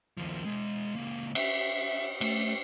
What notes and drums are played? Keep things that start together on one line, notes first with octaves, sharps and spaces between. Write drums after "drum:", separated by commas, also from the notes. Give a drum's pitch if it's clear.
D#2 F3
B2 G#3
C#2 A#3
E5, drum: cymbal
A3, drum: cymbal